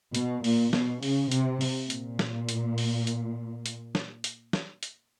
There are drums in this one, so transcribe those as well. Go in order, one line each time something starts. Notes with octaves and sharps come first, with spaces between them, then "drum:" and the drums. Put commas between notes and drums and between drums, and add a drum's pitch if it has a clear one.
B2, drum: hi-hat
A#2, drum: open hi-hat
B2, drum: snare
C#3, drum: open hi-hat
C3, drum: hi-hat
drum: open hi-hat
A#2, drum: hi-hat
drum: snare
drum: hi-hat
drum: open hi-hat
drum: hi-hat
drum: hi-hat
drum: snare
drum: hi-hat
drum: snare
drum: hi-hat